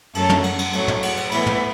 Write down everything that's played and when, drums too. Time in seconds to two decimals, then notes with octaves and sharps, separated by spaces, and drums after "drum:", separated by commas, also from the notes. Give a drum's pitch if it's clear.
0.15 F#2 F#3 A3 A4, drum: cymbal
0.29 drum: tom
0.44 F#5, drum: cymbal
0.59 drum: cymbal
0.73 A2 F#3 A3, drum: cymbal
0.88 drum: tom
1.03 F#5, drum: cymbal
1.17 drum: cymbal
1.31 A2 E3 B3 B5, drum: cymbal
1.46 drum: tom